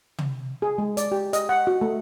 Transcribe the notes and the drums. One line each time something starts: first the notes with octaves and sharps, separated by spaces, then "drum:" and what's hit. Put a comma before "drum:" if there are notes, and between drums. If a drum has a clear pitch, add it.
drum: tom
G#4
G#3
D5, drum: hi-hat
G4
D#5, drum: hi-hat
F#5
F#4
A3